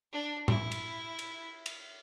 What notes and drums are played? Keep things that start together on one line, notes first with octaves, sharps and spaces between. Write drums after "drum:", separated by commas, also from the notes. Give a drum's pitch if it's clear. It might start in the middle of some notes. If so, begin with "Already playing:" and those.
D4
E4, drum: tom A2
drum: cymbal
drum: cymbal
drum: cymbal